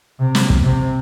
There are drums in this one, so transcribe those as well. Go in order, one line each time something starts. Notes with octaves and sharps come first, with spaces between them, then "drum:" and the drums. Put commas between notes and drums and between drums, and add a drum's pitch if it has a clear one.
C3
drum: snare
drum: kick
C3